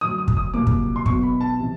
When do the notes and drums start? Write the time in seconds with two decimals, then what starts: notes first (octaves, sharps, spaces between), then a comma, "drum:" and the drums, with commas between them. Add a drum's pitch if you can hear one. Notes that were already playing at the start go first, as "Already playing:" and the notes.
0.01 D2 D3 F#3 D#6
0.18 D#6
0.28 drum: kick
0.37 D#6
0.54 C2 A#2 F#3 A#3 D6
0.67 drum: kick
0.96 C6
1.06 B1 B2 F#3 B3 C#6, drum: kick
1.23 B5
1.41 A5
1.60 C3 E3